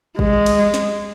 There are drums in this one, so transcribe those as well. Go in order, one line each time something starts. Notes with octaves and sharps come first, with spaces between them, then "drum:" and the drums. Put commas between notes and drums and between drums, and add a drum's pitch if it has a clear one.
G#3, drum: kick
drum: cymbal
drum: snare